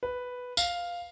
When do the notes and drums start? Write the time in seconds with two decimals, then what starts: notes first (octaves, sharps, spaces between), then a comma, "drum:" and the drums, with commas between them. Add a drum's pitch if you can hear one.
0.03 B4
0.57 F5, drum: tambourine